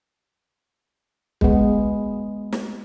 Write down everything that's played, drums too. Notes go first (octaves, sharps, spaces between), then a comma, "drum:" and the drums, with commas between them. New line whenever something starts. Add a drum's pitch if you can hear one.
G#3 B3, drum: kick
drum: snare